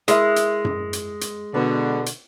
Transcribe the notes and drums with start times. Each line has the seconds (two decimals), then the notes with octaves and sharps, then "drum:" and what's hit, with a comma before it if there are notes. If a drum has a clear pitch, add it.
0.08 G#3 E4 A#4 E5, drum: hi-hat
0.36 drum: hi-hat
0.65 drum: tom F#2
0.93 drum: hi-hat
1.21 drum: hi-hat
1.54 B2 D3 B4
2.06 drum: hi-hat